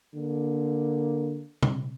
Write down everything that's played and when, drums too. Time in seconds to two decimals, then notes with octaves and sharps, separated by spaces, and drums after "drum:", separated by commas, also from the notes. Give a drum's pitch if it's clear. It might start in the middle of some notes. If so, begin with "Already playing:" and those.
0.14 D3 A#3
1.63 drum: tom B2